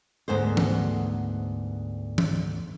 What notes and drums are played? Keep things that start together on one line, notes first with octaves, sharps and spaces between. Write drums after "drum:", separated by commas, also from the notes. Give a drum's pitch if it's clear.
D2 G#2 B3 C5
drum: tom E3
drum: tom E3